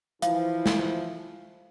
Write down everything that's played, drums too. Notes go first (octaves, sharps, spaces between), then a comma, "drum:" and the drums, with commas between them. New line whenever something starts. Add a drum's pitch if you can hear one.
E3 F3 E4 F5, drum: hi-hat
drum: snare